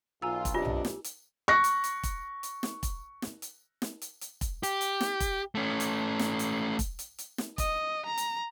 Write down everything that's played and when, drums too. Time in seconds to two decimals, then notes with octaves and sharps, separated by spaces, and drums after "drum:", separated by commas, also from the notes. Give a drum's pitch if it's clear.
0.22 B1 F4 G#5 A#5 E6
0.45 drum: kick, hi-hat
0.54 C3 D4 F4 G4 D#5
0.65 drum: tom B1
0.85 drum: snare
1.04 drum: hi-hat
1.48 C#6 F#6 A#6
1.64 drum: hi-hat
1.84 drum: hi-hat
2.03 drum: kick, hi-hat
2.43 drum: hi-hat
2.63 drum: snare
2.83 drum: kick, hi-hat
3.22 drum: snare
3.42 drum: hi-hat
3.82 drum: snare
4.02 drum: hi-hat
4.21 drum: hi-hat
4.41 drum: kick, hi-hat
4.63 G4, drum: hi-hat
4.81 drum: hi-hat
5.01 drum: snare
5.20 drum: kick, hi-hat
5.55 A3 C#4
5.80 drum: hi-hat
6.19 drum: snare
6.39 drum: hi-hat
6.79 drum: kick, hi-hat
6.99 drum: hi-hat
7.18 drum: hi-hat
7.38 drum: snare
7.58 D#5, drum: kick, hi-hat
8.06 A#5
8.18 drum: hi-hat